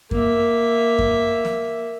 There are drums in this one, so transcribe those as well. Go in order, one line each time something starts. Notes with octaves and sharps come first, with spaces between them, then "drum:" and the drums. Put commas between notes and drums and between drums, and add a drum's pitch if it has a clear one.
A#3 E5, drum: kick F#2
drum: kick F#2
drum: snare